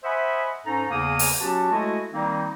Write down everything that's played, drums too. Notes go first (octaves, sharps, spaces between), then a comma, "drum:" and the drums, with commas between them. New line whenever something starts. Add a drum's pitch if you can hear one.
C5 D#5 E5 F#5 G#5 B5
G#2 C#4 D#4 A4 A#5
E2 C#3 A#3 F5 G#5 D#6
drum: open hi-hat
F#3 C#4 F#4 G4 A5
G#3 A3 E4 F#4 A4 D#5
D#3 G3 A#3 C4 D#4